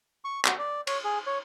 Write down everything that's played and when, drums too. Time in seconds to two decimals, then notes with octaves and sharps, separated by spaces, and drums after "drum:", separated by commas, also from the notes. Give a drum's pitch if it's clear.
0.24 C#6
0.45 F#4, drum: clap
0.59 D5
0.87 C#5, drum: cymbal
1.04 G#4
1.27 C#5